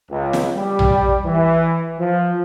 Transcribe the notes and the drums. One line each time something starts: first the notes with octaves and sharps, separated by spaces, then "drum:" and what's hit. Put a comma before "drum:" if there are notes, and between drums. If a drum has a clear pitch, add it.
C#2
drum: snare
G3
drum: tom A#1
E3
F3